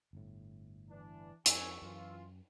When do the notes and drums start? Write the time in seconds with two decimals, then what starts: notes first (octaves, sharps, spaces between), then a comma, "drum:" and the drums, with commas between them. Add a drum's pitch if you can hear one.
0.13 G1 A2
0.89 E3 D4
1.46 F2 G#2 C3 G#5 C#6 E6, drum: hi-hat
1.82 F#2 E3 F4